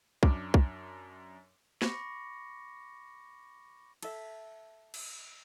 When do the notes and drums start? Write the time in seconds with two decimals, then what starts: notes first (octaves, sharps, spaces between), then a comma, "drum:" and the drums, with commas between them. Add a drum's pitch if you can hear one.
0.23 F#2 D4 D6, drum: kick
0.54 drum: kick
1.82 B5 C#6 D6 A#6 C#7, drum: snare
4.03 A4 E5, drum: cymbal
4.94 drum: cymbal